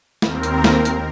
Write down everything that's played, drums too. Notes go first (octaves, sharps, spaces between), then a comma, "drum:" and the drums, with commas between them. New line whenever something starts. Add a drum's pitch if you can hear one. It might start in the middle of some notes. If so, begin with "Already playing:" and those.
D#2 C4 A#4, drum: snare
drum: hi-hat
drum: snare
drum: hi-hat